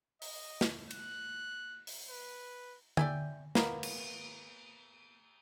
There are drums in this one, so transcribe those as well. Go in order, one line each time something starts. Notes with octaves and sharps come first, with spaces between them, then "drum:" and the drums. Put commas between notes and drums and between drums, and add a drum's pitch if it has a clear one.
D#5, drum: open hi-hat
drum: snare
F#6, drum: cymbal
drum: open hi-hat
B4
D5 E5 G5 G#5, drum: tom D3
A#3 B3, drum: snare
drum: cymbal